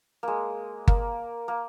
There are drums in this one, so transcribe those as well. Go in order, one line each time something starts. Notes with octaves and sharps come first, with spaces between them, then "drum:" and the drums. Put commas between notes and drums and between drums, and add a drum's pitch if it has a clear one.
G#3 A#3
A#3, drum: kick G1
A#3